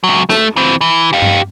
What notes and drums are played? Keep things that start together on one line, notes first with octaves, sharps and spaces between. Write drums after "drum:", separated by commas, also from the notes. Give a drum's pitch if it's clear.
C#2 F#3
A3, drum: snare
E3 C4
E3
G4 F5
drum: tom G2